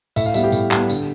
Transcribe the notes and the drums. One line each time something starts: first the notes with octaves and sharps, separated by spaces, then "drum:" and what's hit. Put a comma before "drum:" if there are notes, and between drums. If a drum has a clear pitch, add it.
A2 E5, drum: tambourine
F5
G3 B3 E5, drum: tambourine
G4
A2, drum: tambourine
G3 B3, drum: clap
D3, drum: tambourine